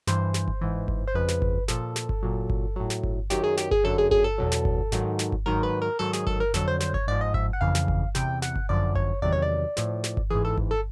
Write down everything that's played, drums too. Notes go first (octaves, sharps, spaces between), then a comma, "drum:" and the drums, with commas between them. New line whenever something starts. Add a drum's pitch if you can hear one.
G2 E3 C5, drum: snare
drum: snare
drum: kick G1
G#2 E3
drum: kick G1
C5
F2 C#3 F3 B4
drum: snare
drum: kick G1
A#2 F3 A4, drum: snare
drum: snare
drum: kick G1
A#2 F#3
drum: kick G1
A2 F#3
drum: snare
drum: kick G1
F#2 D#3 F#3 G4, drum: snare
G#4
G4, drum: snare
G#4, drum: kick G1
F#2 D3 F#3 A4
G#4
G#4, drum: kick G1
A4
E2 B2 F#3
drum: snare
drum: kick G1
G#2 D#3 F#3, drum: snare
drum: snare
drum: kick G1
G#2 D#3 F#3 A#4
B4
A#4
G#2 D#3 F#3 A4
G#4, drum: snare
A4, drum: kick G1
A#4
F2 D3 F#3 A4, drum: snare
C5
C5, drum: snare
C#5, drum: kick G1
G#2 F3 D5
D#5
E5, drum: kick G1
F#5
F2 C#3 E3 F5
drum: snare
drum: kick G1
E2 C3 E3 G5, drum: snare
F#5, drum: snare
drum: kick G1
F#2 D3 F3 D5
C#5, drum: kick G1
E2 C3 D#3 F#3 D5
C#5
D5
A2 F3, drum: snare
drum: snare
drum: kick G1
G#2 E3 G#4
A4
drum: kick G1
A4